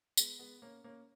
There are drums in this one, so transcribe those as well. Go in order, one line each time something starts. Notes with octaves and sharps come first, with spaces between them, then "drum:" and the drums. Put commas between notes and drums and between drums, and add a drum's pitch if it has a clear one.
G#3 B3, drum: tambourine
G#3 B3
A#3 C#4
A#3 C#4